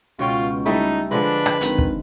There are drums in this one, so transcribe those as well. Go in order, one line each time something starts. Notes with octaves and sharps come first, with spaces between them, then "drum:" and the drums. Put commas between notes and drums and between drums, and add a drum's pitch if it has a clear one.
C#2 B2 F4 C#5 G5
G3 A3 D#4 E4
D3 F3 G#3 D4 B4
drum: rim click
G#1 D#3, drum: hi-hat
drum: kick